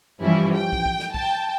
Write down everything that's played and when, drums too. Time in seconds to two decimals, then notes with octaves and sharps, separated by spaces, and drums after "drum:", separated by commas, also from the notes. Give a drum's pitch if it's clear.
0.20 G2 E3 F3 G3 C#4 E4
0.55 G5
0.73 drum: kick
0.86 drum: kick
0.99 drum: snare
1.14 G5 A5, drum: kick